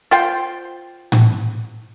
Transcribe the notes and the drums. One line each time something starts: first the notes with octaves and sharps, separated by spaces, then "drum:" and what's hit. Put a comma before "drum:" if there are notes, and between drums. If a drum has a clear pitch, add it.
F4 C5 G5
drum: tom A2